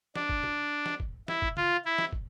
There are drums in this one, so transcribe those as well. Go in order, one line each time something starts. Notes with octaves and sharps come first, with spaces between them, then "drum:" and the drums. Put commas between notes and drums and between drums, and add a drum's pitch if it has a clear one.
D4, drum: snare
drum: kick
drum: tom
drum: snare
drum: kick
E4, drum: snare
drum: kick
F4, drum: tom C#3
E4
drum: snare
drum: kick